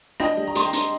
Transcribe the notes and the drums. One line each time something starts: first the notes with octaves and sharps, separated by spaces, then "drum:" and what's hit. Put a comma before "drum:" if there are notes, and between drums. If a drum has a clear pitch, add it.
D4 D#5 G5, drum: rim click
G3
A#5
G3 C6, drum: hi-hat
G5 A#5
D4, drum: hi-hat